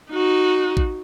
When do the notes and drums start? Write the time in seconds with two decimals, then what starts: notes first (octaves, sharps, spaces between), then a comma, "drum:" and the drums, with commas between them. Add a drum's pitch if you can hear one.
0.10 D#4 F#4
0.77 drum: kick A1